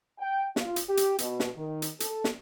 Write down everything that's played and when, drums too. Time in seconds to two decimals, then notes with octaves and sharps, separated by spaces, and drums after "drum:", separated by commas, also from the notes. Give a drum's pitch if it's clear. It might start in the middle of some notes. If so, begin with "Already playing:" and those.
0.19 G5
0.56 F4, drum: snare
0.76 drum: hi-hat
0.88 G4
0.97 drum: hi-hat
1.18 B2, drum: hi-hat
1.40 drum: snare
1.56 D#3
1.82 drum: hi-hat
2.00 A4, drum: hi-hat
2.24 drum: snare